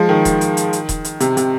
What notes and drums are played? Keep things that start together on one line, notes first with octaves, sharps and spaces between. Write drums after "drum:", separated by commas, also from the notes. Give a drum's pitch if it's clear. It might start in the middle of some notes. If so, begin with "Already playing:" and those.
Already playing: F3 G#3
D#3
drum: kick D#1, hi-hat
drum: hi-hat
drum: hi-hat
drum: hi-hat
drum: kick D#1, hi-hat
drum: hi-hat
C3, drum: hi-hat
C3, drum: hi-hat